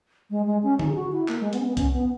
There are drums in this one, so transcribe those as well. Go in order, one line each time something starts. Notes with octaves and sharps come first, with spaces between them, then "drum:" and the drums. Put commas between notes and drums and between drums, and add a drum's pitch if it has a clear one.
G#3
G#3
C#4
D#4, drum: tom D3
G#4
F#4
E4
A#3, drum: clap
G#3
B3, drum: hi-hat
C#4
B3
C#4, drum: kick C2, hi-hat
B3